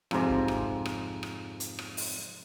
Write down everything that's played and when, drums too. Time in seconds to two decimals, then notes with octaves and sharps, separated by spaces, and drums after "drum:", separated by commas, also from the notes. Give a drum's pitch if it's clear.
0.11 F2 G#2 C3, drum: rim click
0.30 drum: kick G1
0.48 drum: rim click
0.85 drum: rim click
1.23 drum: rim click
1.60 drum: hi-hat
1.79 drum: rim click
1.97 drum: open hi-hat